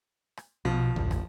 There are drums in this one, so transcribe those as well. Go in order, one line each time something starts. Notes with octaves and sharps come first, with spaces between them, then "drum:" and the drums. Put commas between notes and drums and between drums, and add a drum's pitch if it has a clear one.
drum: rim click
B1 B2 F3
A1 D2, drum: tom F2
drum: rim click